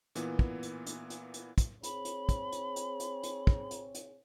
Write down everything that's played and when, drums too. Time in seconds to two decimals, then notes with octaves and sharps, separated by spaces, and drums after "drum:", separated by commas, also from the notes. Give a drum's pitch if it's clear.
0.15 A#2 E3 B3, drum: hi-hat
0.39 drum: kick
0.63 drum: hi-hat
0.87 drum: hi-hat
1.10 drum: hi-hat
1.34 drum: hi-hat
1.58 drum: kick, hi-hat
1.83 C4 G#4 C#5 B5, drum: hi-hat
2.05 drum: hi-hat
2.29 drum: kick, hi-hat
2.52 drum: hi-hat
2.76 drum: hi-hat
3.00 drum: hi-hat
3.23 drum: hi-hat
3.47 drum: kick
3.71 drum: hi-hat
3.95 drum: hi-hat